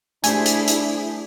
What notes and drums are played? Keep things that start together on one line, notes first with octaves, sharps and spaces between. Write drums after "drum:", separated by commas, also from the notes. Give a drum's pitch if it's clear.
A3 D4 E4 G4 G#4 C5 G#5, drum: hi-hat
drum: hi-hat
drum: hi-hat